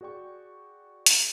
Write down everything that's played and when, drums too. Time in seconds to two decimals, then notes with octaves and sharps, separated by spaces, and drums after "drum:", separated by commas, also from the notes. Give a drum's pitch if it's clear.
0.01 F#4 G#4 D5 G5 C#6
1.06 drum: hi-hat